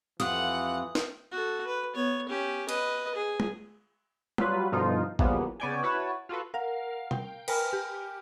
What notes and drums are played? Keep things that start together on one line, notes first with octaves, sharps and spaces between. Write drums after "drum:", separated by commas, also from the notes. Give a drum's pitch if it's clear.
F2 E3 F4 G4 F#5 D#6, drum: hi-hat
drum: snare
F#4 A4
B4
B3 C#5
C#4 G4
B4 D#5, drum: cymbal
G#4
drum: tom
F#3 G3 F4 B4, drum: tom
G2 B2 D3 F3 D#4 F4
C#3 E3 F3 G3 A#3 B3, drum: kick G#1
C#3 B3 C#5 D5 G5 G#5
E4 F#4 B4 C#5 A5
F4 F#4 A4 B4
A#4 F5 F#5
G5, drum: tom
A#4 B4 G5 G#5 F6, drum: cymbal
G4